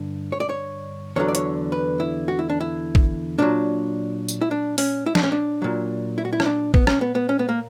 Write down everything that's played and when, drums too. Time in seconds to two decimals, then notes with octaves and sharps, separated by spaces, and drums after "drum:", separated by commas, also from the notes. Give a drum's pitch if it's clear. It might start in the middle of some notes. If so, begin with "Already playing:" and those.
Already playing: G2 D3
0.32 C#5
0.40 D5
0.49 C#5
1.16 E2 D3 F#3 C#5
1.28 D5
1.35 C#5, drum: hi-hat
1.72 B4
2.00 E4
2.28 F#4
2.39 E4
2.49 D4
2.60 E4
2.95 drum: kick A1
3.38 A#2 F#3 D4
4.28 drum: tambourine
4.41 E4
4.51 D4
4.78 C#4, drum: open hi-hat
5.06 E4
5.15 D4, drum: snare
5.23 C#4
5.32 D4
5.62 A#2 F#3
6.18 E4
6.25 F#4
6.33 E4
6.40 C#4, drum: rim click
6.45 D4
6.74 B3, drum: kick A1
6.87 C#4, drum: rim click
7.01 B3
7.15 B3
7.29 C#4
7.39 B3
7.49 A#3